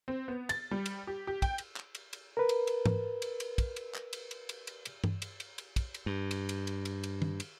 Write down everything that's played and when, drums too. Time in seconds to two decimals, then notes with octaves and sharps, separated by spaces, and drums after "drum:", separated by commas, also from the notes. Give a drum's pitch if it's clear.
0.08 C4
0.28 B3
0.49 A6, drum: cymbal
0.71 G3
0.86 drum: cymbal
1.07 G4
1.27 G4
1.42 G5, drum: kick, cymbal
1.58 drum: cymbal
1.76 drum: clap
1.95 drum: cymbal
2.13 drum: cymbal
2.37 A#4 B4
2.49 drum: cymbal
2.67 drum: cymbal
2.86 drum: tom G#2
3.22 drum: cymbal
3.40 drum: cymbal
3.58 drum: kick, cymbal
3.76 drum: cymbal
3.95 drum: clap
4.13 drum: cymbal
4.31 drum: cymbal
4.49 drum: cymbal
4.67 drum: cymbal
4.85 drum: cymbal
5.04 drum: tom G2
5.22 drum: cymbal
5.40 drum: cymbal
5.58 drum: cymbal
5.76 drum: kick, cymbal
5.94 drum: cymbal
6.06 G2
6.31 drum: cymbal
6.49 drum: cymbal
6.67 drum: cymbal
6.85 drum: cymbal
7.04 drum: cymbal
7.22 drum: tom
7.40 drum: cymbal